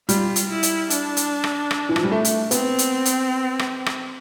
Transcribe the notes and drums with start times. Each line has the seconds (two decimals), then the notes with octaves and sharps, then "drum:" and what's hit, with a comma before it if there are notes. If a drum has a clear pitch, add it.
0.09 G3 F4, drum: hi-hat
0.36 drum: hi-hat
0.50 E4
0.63 drum: hi-hat
0.90 D4, drum: hi-hat
1.17 drum: hi-hat
1.44 drum: rim click
1.71 drum: rim click
1.89 E3
1.96 F3, drum: rim click
2.04 G3
2.12 A3
2.25 drum: hi-hat
2.51 B3 C4, drum: hi-hat
2.79 drum: hi-hat
3.05 drum: hi-hat
3.59 drum: rim click
3.86 drum: rim click